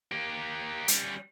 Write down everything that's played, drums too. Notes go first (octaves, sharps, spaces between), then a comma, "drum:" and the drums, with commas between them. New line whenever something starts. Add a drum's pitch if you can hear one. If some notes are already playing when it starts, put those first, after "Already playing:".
A#3 G4
G3 C#4, drum: hi-hat